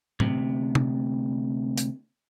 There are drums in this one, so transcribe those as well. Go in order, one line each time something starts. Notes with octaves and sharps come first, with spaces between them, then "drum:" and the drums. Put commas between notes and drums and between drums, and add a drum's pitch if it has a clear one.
D2 C3, drum: tom A2
drum: tom
drum: hi-hat